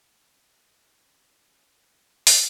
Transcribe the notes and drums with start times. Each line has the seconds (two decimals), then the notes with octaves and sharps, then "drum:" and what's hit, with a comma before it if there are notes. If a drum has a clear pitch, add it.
0.72 C#4 E4 A#4
2.27 drum: open hi-hat